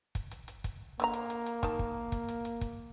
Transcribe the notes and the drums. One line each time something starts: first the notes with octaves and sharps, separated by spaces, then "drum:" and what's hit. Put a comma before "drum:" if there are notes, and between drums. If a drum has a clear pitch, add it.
drum: kick, hi-hat
drum: hi-hat
drum: hi-hat
drum: kick, hi-hat
D3 A#3 E4 A#5, drum: hi-hat
drum: hi-hat
drum: hi-hat
drum: hi-hat
D#3 A5, drum: kick, hi-hat
drum: kick
drum: kick, hi-hat
drum: hi-hat
drum: hi-hat
drum: kick, hi-hat